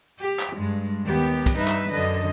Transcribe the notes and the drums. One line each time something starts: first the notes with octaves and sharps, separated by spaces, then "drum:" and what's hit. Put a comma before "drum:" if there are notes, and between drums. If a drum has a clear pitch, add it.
G4
drum: clap
G2 G#3
D#2 D#3 B3 G4
drum: kick, cymbal
G2 D#4 B4 E5
drum: clap
F#2 D3 D#5